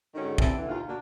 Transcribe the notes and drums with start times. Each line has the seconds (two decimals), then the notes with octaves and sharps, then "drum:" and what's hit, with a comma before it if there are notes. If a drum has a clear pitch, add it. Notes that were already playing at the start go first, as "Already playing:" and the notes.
0.15 G#2 D3 D#3 C#4 D#4 F#4
0.38 E3 C4 D4 E4 G4 D5, drum: kick
0.57 D3 E3
0.68 D#2 F4
0.88 A#3 D4 F#4